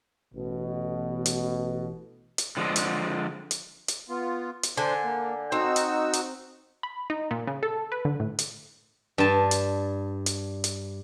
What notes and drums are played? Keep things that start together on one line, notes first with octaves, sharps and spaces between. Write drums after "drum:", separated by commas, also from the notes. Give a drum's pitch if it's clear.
A1 B2
drum: hi-hat
drum: hi-hat
D3 F3 G#3
drum: hi-hat
drum: hi-hat
drum: hi-hat
B3 F4
drum: hi-hat
D3 D4 C5 G#5
A#3
C4 D#4 F#4 E6
drum: hi-hat
drum: hi-hat
B5
D#4
A#2
C#3
A4
B4
D3
A2
drum: hi-hat
G2 A5
drum: hi-hat
drum: hi-hat
drum: hi-hat